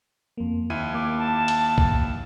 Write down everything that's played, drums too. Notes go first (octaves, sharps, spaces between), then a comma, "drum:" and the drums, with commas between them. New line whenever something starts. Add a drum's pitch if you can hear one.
F2 A#3
D#2 E4 G#6 D#7
A#3 D6
A5
drum: hi-hat
drum: kick B1